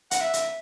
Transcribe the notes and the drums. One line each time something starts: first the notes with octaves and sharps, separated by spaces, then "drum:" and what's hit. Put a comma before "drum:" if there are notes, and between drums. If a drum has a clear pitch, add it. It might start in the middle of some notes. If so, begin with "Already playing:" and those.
F#5, drum: hi-hat
E5
drum: hi-hat